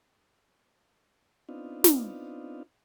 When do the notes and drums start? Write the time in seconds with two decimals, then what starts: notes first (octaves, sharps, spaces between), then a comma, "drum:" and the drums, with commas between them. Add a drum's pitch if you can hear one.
1.49 B3 C4 D4 D#4 F4
1.84 drum: snare